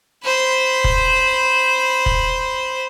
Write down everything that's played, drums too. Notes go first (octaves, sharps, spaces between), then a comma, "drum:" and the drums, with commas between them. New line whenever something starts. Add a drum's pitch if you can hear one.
C5 B5
drum: kick
drum: kick